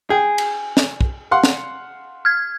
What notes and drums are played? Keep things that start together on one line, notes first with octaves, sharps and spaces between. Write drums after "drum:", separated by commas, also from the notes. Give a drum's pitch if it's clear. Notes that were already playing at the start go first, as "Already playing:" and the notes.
G#4 G5
drum: cymbal
drum: snare
drum: kick
F5 F#5 C6
drum: snare
F6 G#6